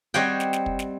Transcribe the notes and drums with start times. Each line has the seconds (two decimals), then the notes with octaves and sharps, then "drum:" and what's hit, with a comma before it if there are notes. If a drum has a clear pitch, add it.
0.14 G3 C4 C#5 D#5 F#5 G5
0.40 drum: snare
0.53 drum: snare
0.66 drum: kick
0.79 drum: snare